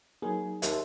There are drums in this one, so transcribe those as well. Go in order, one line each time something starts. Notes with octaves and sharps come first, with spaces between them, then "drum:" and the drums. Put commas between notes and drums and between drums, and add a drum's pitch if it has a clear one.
F#3 A#3 D#4 G#4
D#2 E5 A5 C6, drum: hi-hat